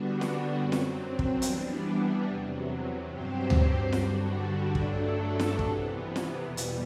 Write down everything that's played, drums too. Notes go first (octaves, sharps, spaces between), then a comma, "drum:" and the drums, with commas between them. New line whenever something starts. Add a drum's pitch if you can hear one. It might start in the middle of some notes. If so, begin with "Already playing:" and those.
Already playing: D3 G3 B3 D4 F#4
drum: snare
F#2 F#3 C4
drum: snare
drum: kick
E3 G3 B3 D4, drum: hi-hat
E2 C3 F#3
G2 F#3 C4 G4 C5
drum: tom D2
G2 D3 G3 D4 F#4, drum: snare
G2 F#3 A3 D4 A4, drum: kick
drum: snare
C3 E3 B3, drum: kick
drum: snare
E2 B2 G3
drum: hi-hat